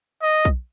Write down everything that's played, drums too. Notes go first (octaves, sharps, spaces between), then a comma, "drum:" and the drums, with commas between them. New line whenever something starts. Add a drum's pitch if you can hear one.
D#5
drum: kick B1